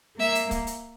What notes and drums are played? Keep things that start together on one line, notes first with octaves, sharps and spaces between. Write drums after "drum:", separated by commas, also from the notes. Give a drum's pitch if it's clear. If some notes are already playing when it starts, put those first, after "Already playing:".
A#3 E5
drum: hi-hat
drum: kick C#1, hi-hat
drum: hi-hat